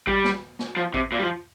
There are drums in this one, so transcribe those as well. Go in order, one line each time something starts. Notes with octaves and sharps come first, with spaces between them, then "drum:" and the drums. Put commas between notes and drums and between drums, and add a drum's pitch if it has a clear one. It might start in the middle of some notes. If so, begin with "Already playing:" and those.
G3, drum: kick A1
drum: snare
drum: snare
F3
C3, drum: kick A1
A#2
G3
F3